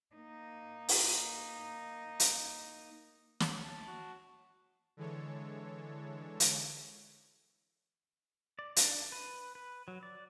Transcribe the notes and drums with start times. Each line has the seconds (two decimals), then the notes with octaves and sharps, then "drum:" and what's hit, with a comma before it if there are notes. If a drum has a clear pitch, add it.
0.15 A#3 D#4
0.89 drum: open hi-hat
2.20 drum: hi-hat
3.40 drum: snare
3.61 C#5 A5
3.88 F#4
4.97 D3 E3 G#3 A4 C#5
6.40 drum: hi-hat
8.59 D5
8.76 D4, drum: hi-hat
9.12 B4
9.55 B4
9.88 F#3
10.03 D5